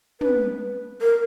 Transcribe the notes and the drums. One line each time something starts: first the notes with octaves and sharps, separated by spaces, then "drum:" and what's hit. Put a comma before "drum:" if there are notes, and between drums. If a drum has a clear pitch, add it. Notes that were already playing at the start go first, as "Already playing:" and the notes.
B4, drum: tom
A#4